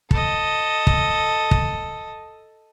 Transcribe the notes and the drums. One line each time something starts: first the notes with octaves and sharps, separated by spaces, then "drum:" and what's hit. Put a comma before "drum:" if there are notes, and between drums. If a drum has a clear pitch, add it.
A4 D#5, drum: kick
drum: kick
drum: kick